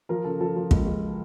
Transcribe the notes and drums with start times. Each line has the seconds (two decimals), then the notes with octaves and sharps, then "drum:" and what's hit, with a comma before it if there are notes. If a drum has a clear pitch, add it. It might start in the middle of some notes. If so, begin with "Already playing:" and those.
0.09 F3 A#4
0.24 C#3 A4
0.41 F3 A4
0.56 F3
0.71 C#2, drum: kick
0.86 C#2